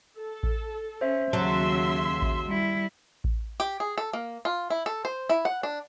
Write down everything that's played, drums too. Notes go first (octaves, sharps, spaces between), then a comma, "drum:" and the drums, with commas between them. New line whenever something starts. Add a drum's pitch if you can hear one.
A4
drum: kick A1
C#4 C5 E5
D#2 C#3 F#3 E5 A5 C6
drum: kick A1
G3 E4
drum: kick A1
G4
G#4
A4
A#3
F4
E4
A4
C5
E4
F#5
D4